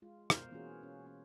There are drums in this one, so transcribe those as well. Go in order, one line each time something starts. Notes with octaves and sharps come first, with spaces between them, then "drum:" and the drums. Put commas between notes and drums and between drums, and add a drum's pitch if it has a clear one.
G#3 F4
B2 A#4 C5 F5, drum: rim click
E3 A#3 C#4 F4 F#4 G#4
C#4
C#4